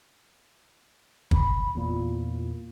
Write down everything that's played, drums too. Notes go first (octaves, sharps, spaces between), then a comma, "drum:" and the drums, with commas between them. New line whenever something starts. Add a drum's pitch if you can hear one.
B5, drum: kick
E2 A#2 F4